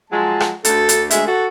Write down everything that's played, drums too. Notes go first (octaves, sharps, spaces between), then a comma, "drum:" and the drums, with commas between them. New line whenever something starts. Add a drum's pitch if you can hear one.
F3 F#3 G#3 A5
drum: rim click
D2 A4, drum: hi-hat
drum: hi-hat
D2 G#3 E5, drum: hi-hat
F#4 A4